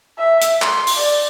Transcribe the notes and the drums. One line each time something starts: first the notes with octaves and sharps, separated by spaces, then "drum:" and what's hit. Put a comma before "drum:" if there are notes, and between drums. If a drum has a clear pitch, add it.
E5
drum: hi-hat
C6, drum: clap
drum: open hi-hat
D5